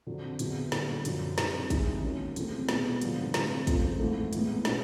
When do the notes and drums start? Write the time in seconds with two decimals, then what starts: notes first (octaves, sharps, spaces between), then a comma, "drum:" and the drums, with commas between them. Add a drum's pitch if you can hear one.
0.07 F2 D3 F#3
0.39 D3 F#3 B3 E4 G#4, drum: hi-hat
0.72 D3 G3 A#3, drum: snare
1.05 F#2 D3 F3, drum: hi-hat
1.38 D3 G3 C4 D#4, drum: snare
1.70 D#3 G#3 C4 E4 G#4, drum: kick, hi-hat
2.03 D#3 F#3 A#3 C#4
2.36 E2 C3 E3 A3 C4, drum: hi-hat
2.69 B2 G#3 B3, drum: snare
3.01 G2 D3 F3, drum: hi-hat
3.34 C3 E3 A3, drum: snare
3.67 F2 C#3 F3 A3, drum: kick, hi-hat
4.00 G#2 E3 A3
4.33 A2 E3 G#3 B3, drum: hi-hat
4.65 B2 G#3 C#4 E4, drum: snare